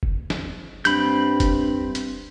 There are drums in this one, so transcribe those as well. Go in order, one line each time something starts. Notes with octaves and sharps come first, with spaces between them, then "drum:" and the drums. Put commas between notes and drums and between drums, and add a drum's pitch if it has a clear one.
drum: kick F1
drum: snare
G2 C4 B5 G6, drum: hi-hat
drum: kick F1, hi-hat
drum: hi-hat